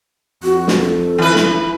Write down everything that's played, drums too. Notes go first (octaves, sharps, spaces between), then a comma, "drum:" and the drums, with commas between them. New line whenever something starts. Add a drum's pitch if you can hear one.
F2 F#4
drum: snare
A4
E3 B4
drum: snare